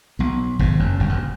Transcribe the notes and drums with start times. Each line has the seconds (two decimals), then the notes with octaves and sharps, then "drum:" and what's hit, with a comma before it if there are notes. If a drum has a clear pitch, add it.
0.19 B1 B2
0.59 G#1 G#2, drum: kick G#1
0.79 F#1 F#2
0.99 G1 G2
1.09 F#1 F#2